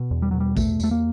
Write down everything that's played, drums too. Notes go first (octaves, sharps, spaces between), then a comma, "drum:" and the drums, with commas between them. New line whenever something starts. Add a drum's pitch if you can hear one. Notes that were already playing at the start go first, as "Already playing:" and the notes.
Already playing: B2
E2
G3
B2 F#3
G3
E2 A3, drum: kick, tambourine
E2 A3, drum: tambourine
A#3